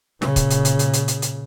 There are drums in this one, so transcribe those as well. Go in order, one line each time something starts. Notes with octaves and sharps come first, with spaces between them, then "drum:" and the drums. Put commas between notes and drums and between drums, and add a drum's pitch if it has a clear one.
A#2 C#3, drum: snare
drum: kick, hi-hat
drum: hi-hat
drum: hi-hat
drum: hi-hat
drum: hi-hat
drum: hi-hat
drum: hi-hat